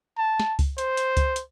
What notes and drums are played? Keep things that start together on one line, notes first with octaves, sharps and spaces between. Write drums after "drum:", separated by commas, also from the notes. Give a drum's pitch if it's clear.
A5
drum: snare
drum: kick C#2, open hi-hat
C5, drum: hi-hat
drum: hi-hat
drum: kick C#2, hi-hat
drum: hi-hat